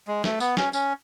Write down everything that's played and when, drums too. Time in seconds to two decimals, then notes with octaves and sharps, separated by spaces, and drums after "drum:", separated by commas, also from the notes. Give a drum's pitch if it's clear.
0.08 G#3
0.24 A3, drum: snare
0.40 B3, drum: tambourine
0.57 C#4, drum: snare
0.73 C#4, drum: tambourine